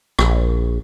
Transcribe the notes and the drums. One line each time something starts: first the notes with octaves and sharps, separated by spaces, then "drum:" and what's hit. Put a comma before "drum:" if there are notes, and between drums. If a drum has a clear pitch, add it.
A#1, drum: rim click